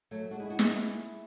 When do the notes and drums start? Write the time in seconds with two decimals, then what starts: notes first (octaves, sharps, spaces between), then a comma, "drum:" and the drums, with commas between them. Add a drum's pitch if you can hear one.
0.11 F#3 A3
0.30 G#3 D4 F#4
0.40 E4 G#4
0.49 D4 F#4
0.59 E4 G#4, drum: snare